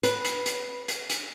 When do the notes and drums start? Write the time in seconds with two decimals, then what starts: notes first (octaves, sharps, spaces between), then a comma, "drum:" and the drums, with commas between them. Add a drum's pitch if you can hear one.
0.03 B4, drum: hi-hat
0.25 drum: hi-hat
0.46 drum: hi-hat
0.88 drum: hi-hat
1.10 drum: hi-hat